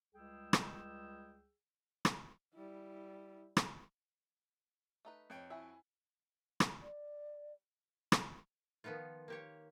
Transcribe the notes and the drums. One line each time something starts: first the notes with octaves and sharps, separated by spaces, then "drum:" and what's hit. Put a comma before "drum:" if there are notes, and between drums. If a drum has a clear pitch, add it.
C#2 G3 G#4 G5 E6
drum: rim click
drum: rim click
G3 E4
drum: rim click
A3 D#4 B4
F2 C#5 G5
E4 F#4 E5 G#5
drum: rim click
D5
drum: rim click
D#3 F3 B3 D#4 F4
A#3 G4 C#5